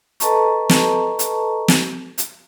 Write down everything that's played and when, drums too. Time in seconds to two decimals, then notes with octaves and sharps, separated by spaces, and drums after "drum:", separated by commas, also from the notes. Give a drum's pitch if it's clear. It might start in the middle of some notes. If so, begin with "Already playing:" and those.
0.20 A4 B4 D#5 A5 A#5 C#6, drum: hi-hat
0.69 drum: snare
1.19 drum: hi-hat
1.68 drum: snare
2.18 drum: hi-hat